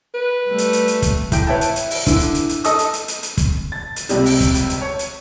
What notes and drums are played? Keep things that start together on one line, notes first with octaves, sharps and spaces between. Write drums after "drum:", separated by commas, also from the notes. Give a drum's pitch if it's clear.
B4
G3 A3
drum: hi-hat
drum: hi-hat
drum: hi-hat
drum: kick, hi-hat
A2 G5, drum: kick, hi-hat
E4 B4 C#5 E5 G5 A5
drum: hi-hat
drum: hi-hat
drum: open hi-hat
D3 E3, drum: kick, hi-hat
drum: hi-hat
drum: hi-hat
drum: hi-hat
A4 D#5 A5 D#6 E6, drum: hi-hat
drum: hi-hat
drum: hi-hat
drum: hi-hat
drum: hi-hat
drum: kick, hi-hat
A6
drum: hi-hat
C#2 C3 G3, drum: hi-hat
drum: open hi-hat
drum: kick, hi-hat
drum: hi-hat
drum: hi-hat
C#5
drum: hi-hat